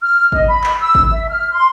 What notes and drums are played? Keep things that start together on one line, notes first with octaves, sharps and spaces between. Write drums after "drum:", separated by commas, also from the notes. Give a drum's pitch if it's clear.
F6
D#5, drum: kick G#1
B5
drum: clap
E6
drum: kick G#1
E5
F6
C6